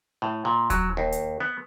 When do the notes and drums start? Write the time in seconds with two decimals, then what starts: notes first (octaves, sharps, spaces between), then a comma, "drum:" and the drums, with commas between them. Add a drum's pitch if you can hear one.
0.22 A2
0.45 A#2
0.70 F#3, drum: kick D#1, hi-hat
0.97 D#2
1.12 drum: hi-hat
1.40 B3